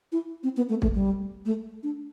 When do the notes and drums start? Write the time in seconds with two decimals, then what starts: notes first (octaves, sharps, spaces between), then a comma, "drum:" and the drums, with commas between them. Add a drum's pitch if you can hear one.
0.12 E4
0.43 C4
0.57 B3
0.69 A3
0.82 A3, drum: kick
0.95 G3
1.46 A3
1.83 D4